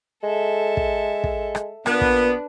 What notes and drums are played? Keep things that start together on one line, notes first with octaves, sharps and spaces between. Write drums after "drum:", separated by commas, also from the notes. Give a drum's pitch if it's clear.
G#3 A4 E5
drum: kick
drum: kick
drum: rim click
A#2 B3 D4 B4, drum: rim click
drum: kick